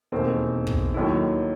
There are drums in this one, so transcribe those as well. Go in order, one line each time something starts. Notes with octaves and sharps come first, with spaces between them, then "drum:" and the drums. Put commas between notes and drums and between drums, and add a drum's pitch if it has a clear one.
E1 D#2 D#3 A3 C4
drum: kick
D#2 D#3 F#3 A3 E4